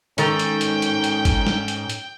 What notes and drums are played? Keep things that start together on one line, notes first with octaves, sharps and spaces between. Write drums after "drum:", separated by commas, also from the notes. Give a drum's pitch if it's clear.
G#2 D#3 C#4 A4 G5 A#5, drum: hi-hat
drum: hi-hat
drum: hi-hat
drum: hi-hat
drum: hi-hat
drum: kick G1, hi-hat
drum: snare
drum: hi-hat
drum: hi-hat